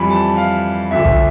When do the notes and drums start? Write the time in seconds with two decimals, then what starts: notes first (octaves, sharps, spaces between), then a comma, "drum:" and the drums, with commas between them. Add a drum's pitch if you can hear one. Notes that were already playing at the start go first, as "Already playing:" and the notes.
Already playing: F2 E3 G3 B5
0.10 A5
0.37 F5
0.91 D2 D3 F3 E5
1.05 drum: kick